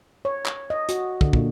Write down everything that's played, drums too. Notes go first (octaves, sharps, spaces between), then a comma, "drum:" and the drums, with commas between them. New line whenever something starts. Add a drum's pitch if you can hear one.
C#5
drum: clap
D#5
F#4, drum: hi-hat
D3, drum: kick
A#2, drum: kick